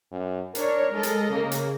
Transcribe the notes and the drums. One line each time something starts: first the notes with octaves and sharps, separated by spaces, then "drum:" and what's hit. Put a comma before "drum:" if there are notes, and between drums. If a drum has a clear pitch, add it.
F#2
D4 A#4 C#5, drum: hi-hat
G#3 A4 D#5
drum: hi-hat
C#3 A#3
drum: hi-hat